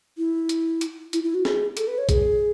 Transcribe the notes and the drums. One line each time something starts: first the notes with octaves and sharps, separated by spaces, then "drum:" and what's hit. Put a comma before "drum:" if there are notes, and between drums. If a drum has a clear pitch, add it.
E4
drum: hi-hat
drum: hi-hat
E4, drum: hi-hat
E4
F#4
G#4, drum: snare
A4, drum: hi-hat
B4
C#5
G#4, drum: kick, hi-hat